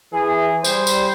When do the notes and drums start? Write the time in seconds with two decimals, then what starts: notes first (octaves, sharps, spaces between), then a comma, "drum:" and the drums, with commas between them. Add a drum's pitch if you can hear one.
0.13 E3 G#4
0.64 G3 C5, drum: tambourine
0.87 drum: tambourine